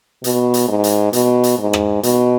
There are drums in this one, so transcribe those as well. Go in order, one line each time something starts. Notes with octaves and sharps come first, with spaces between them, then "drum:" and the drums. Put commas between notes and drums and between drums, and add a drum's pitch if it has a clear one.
B2, drum: hi-hat
drum: hi-hat
G#2
drum: hi-hat
B2, drum: hi-hat
drum: hi-hat
G#2
drum: rim click
B2, drum: hi-hat